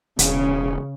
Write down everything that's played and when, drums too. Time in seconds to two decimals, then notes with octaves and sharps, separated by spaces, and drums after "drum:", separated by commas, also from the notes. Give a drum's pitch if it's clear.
0.19 E1 C#3, drum: hi-hat